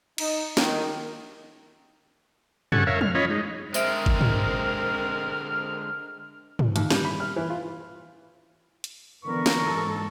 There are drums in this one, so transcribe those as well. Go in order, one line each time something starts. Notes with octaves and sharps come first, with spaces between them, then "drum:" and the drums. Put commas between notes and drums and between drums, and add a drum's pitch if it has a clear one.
D#4, drum: cymbal
D#3, drum: snare
C#3 G3 A4 F#5 G#5 C#6, drum: tom
A#4 C#5 E5 F5
F6, drum: tom
C#4 F4 C#5 D#5 B5
G#3 D#4
D3 G#3 C4 A#4 C5 E5 F6 D7, drum: tambourine
drum: kick
drum: tom
drum: tom
D#2, drum: hi-hat
G3, drum: snare
B5
F6
E3
F4
drum: hi-hat
D3 E3 B3 A#4 C#6
drum: snare
G#2 A4